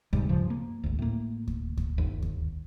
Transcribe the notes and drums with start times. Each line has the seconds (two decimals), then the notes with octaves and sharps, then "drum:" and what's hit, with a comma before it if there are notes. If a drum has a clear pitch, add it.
0.13 G#2 C3 G3, drum: kick D2
0.29 G2 C#3 F3
0.50 A#3
0.84 G#1 D2
0.99 A2 A#3
1.48 drum: kick D2
1.78 drum: kick D2
1.98 G1 D#2
2.22 drum: kick D2